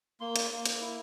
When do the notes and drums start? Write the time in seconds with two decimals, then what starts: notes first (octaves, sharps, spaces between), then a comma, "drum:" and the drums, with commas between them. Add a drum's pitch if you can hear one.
0.21 A#3 C6
0.36 drum: hi-hat
0.51 A#3
0.65 drum: hi-hat
0.81 E4